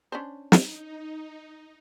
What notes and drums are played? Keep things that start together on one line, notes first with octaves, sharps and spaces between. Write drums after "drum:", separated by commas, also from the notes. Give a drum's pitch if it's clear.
C#4 D4 C5
D#4, drum: snare